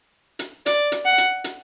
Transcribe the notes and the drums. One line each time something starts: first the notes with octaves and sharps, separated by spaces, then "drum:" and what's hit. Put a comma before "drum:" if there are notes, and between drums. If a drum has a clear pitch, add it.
drum: hi-hat
D5, drum: hi-hat
drum: hi-hat
F#5
drum: hi-hat
drum: hi-hat